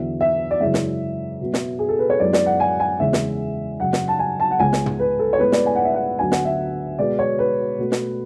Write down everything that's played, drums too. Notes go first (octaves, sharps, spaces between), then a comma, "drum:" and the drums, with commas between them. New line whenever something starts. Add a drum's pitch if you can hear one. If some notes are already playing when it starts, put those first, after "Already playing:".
Already playing: E2 D3 F#3 B3 E5
E5
D5
F#2 C#3 E3 G#3 E5
drum: snare
B2 F#3 B3
drum: snare
G#4
A4
B4
C#5
F#2 E3 G#3 B3 D5
D5, drum: snare
F#5
G#5
G#5
E2 C#3 G#3 E5
drum: snare
F#2 C#3 F#3 F#5
drum: snare
A5
G#5
A5
F#5
C#2 C#3 G#3 B3 G#5
drum: snare
drum: tom
B4
A4
C#5
A2 G#3 B3 B4
D5, drum: snare
G#5
F#5
E5
F#5
D2 D3 F#3 B3 G#5
F#5, drum: snare
E5
B2 G#3 B3 D5
C#5
B4
B2 A3
drum: snare